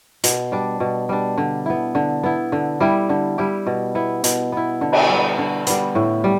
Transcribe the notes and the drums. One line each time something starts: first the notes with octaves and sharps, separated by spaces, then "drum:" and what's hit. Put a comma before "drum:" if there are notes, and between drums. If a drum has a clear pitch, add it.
B2, drum: hi-hat
G3 D4
B2
G3 D4
D3
B3 E4
D3
B3 E4
D3
G3 E4 G4
D3
G3 E4 G4
B2
B3 E4
B2, drum: hi-hat
B3 E4
D3
drum: cymbal
G3 B3
D3
G3 B3, drum: hi-hat
A2
G3